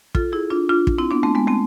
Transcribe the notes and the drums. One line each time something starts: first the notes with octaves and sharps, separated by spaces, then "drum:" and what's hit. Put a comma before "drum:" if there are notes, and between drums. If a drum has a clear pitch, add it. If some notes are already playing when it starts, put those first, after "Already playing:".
F4 A4, drum: kick
E4 G#4
D4 F4
D4 F4
drum: kick
C4 E4
B3 D4
A3 C4
G#3 B3
A3 C4